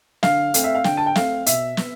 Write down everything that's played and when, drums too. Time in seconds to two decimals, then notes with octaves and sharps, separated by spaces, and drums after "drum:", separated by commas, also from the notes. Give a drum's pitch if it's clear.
0.23 D3 F5, drum: snare
0.54 A3 C4, drum: hi-hat
0.64 E5
0.75 F5
0.84 D3 G5, drum: snare
0.97 A5
1.06 G5
1.15 A3 C4 F5, drum: snare
1.46 B2 E5, drum: hi-hat
1.77 B3, drum: snare